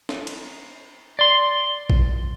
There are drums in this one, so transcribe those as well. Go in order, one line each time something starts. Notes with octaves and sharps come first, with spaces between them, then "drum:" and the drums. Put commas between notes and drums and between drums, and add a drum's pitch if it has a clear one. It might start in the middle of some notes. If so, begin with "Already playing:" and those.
drum: snare
drum: cymbal
D5 C6
drum: kick A#1